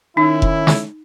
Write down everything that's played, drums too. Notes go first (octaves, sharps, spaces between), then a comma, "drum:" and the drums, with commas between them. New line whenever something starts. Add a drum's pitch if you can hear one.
D#3 C#4 D#4 E4
drum: kick F1
drum: snare